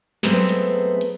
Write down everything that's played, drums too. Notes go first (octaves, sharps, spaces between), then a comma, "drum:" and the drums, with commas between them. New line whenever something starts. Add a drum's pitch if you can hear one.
F#3 G#3 A3 B3 C4, drum: snare
drum: hi-hat
drum: hi-hat